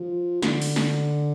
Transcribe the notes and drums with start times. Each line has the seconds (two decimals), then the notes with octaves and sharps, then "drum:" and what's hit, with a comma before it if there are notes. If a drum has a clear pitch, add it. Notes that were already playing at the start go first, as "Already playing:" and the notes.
Already playing: F3
0.42 D3, drum: snare
0.62 drum: open hi-hat
0.76 drum: snare